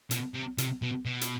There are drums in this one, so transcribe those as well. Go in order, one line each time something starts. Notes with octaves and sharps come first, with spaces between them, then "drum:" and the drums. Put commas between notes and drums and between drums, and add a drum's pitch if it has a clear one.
B2, drum: hi-hat
C3
C3, drum: hi-hat
B2
B2
drum: hi-hat